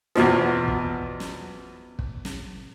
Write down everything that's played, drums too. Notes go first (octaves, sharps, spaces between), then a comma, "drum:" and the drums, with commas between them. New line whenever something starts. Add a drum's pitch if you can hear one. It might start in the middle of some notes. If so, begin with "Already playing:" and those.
E2 B2 F3, drum: snare
drum: kick
drum: snare
drum: kick
drum: snare